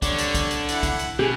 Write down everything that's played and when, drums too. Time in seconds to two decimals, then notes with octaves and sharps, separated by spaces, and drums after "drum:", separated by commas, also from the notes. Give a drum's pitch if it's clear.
0.02 D3 G3 C#5 D5, drum: kick, hi-hat
0.18 drum: hi-hat
0.34 drum: kick, hi-hat
0.51 drum: hi-hat
0.69 E4 F#5, drum: hi-hat
0.83 drum: kick, hi-hat
0.99 drum: hi-hat
1.19 B2 G4 G#4